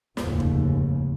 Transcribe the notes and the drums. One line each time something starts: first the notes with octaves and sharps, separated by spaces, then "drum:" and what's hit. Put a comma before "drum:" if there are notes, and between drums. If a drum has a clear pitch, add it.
F1 D#2 G#2 C#3, drum: snare
drum: kick